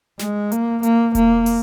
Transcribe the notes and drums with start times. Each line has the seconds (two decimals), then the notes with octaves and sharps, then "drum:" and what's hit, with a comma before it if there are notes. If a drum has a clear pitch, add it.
0.19 G#3, drum: snare
0.52 A#3, drum: hi-hat
0.83 A#3, drum: hi-hat
1.15 A#3, drum: kick E1, hi-hat
1.46 drum: open hi-hat